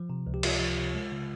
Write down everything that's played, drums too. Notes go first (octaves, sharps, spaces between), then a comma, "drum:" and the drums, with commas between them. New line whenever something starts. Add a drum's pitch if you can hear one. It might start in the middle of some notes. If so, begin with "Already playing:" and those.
Already playing: F3
C3
C#2
G4
C#2 F4, drum: cymbal
F3
C3
G#3
C#3